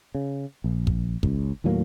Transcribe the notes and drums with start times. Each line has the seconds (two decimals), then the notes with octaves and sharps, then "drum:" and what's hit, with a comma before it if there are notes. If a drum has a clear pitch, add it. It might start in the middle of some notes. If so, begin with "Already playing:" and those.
0.15 C#3
0.64 A#1
0.87 drum: kick
1.23 C#2, drum: kick
1.64 D#2 A2 F#3 A#3